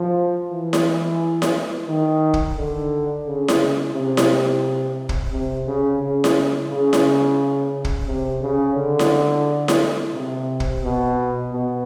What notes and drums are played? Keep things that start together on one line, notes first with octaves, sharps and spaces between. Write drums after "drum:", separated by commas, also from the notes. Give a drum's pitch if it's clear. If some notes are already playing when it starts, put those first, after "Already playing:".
Already playing: F3
E3
drum: snare E4
drum: snare E4
D#3
drum: kick
D3
C#3
drum: snare E4
C3
drum: snare E4
drum: kick
C3
C#3
C#3
drum: snare E4
C#3
drum: snare E4
drum: kick
C3
C#3
D3
drum: snare E4
drum: snare E4
C3
drum: kick
B2
B2